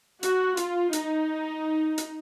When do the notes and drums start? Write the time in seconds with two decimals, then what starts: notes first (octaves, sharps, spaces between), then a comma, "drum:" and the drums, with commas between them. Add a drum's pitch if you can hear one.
0.23 F#4, drum: hi-hat
0.57 F4, drum: hi-hat
0.93 D#4, drum: hi-hat
1.98 drum: hi-hat